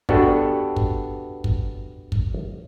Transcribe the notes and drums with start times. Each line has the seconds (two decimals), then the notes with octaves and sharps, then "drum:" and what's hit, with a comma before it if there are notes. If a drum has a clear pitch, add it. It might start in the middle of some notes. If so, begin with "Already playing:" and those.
0.09 B3 D4 F#4 G4 A4 B4, drum: kick
0.76 drum: kick
1.44 drum: kick
2.12 drum: kick